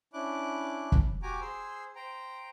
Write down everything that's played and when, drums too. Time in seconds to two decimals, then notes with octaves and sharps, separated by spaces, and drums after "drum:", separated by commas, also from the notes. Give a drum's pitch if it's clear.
0.13 C#4 D4 E4 D6 F#6
0.92 drum: kick
1.23 F#4 G4 G#5 A#5 D6
1.41 G#4 C5 C6 E6
1.96 C5 G5 A#5